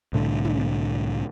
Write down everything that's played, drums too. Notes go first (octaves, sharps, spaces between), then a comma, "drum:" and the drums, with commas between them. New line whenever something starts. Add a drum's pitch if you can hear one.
C2 A2 D3
drum: tom